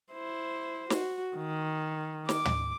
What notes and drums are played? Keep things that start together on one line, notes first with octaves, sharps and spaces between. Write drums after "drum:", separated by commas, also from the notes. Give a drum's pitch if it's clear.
E4 C5
F#4, drum: snare
D#3
D6, drum: snare
drum: tom